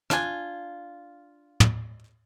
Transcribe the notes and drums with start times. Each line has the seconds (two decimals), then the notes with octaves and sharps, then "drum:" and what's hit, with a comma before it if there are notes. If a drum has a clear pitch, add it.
0.10 D4 F4 G#5, drum: rim click
1.60 drum: tom